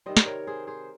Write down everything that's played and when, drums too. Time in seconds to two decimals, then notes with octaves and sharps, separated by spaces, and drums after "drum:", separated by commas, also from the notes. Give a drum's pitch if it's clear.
0.06 C3 D#3 G3 C5 D#5
0.17 drum: snare
0.26 A#4 C#5
0.47 G#4 C5
0.67 G#4 C5